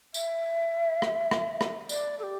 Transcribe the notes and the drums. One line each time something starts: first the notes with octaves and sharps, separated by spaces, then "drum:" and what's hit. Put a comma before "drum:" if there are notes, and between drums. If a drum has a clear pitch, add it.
E5, drum: tambourine
drum: rim click
drum: rim click
drum: rim click
D5, drum: tambourine
A4
G4